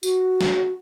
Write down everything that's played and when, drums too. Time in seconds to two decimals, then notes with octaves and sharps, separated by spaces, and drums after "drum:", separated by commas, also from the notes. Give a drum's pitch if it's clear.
0.03 F#4, drum: tambourine
0.41 drum: snare